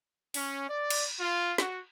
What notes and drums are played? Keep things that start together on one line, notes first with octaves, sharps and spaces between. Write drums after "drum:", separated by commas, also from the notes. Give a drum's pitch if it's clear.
C#4, drum: open hi-hat
D5
drum: cymbal
F4
F#4, drum: snare